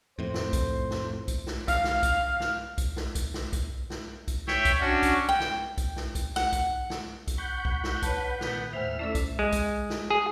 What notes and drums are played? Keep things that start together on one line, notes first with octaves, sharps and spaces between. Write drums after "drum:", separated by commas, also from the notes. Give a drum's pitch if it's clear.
F2 A2 C5
drum: snare
drum: kick B1, hi-hat
drum: snare
drum: kick B1, hi-hat
drum: snare
F5, drum: kick B1, hi-hat
drum: snare
drum: kick B1, hi-hat
drum: snare
drum: kick B1, hi-hat
drum: snare
drum: kick B1, hi-hat
drum: snare
drum: kick B1, hi-hat
drum: snare
drum: kick B1, hi-hat
C#5 E5 G5 B5, drum: snare
drum: kick B1, hi-hat
C#4 D4 F#4
drum: kick B1, hi-hat
G5
drum: snare
drum: kick B1, hi-hat
drum: snare
drum: kick B1, hi-hat
F#5, drum: snare
drum: kick B1, hi-hat
drum: snare
drum: kick B1, hi-hat
F#5 B5 C#6 G6
drum: kick B1
drum: snare
B4 C#5 A5, drum: kick B1, hi-hat
A#2 D#3 B3, drum: snare
D#2 A2 C5 E5 F6
A3 C#4 E4 A4 D5 E6
drum: kick B1, hi-hat
G#3
drum: kick B1, hi-hat
drum: snare
G#4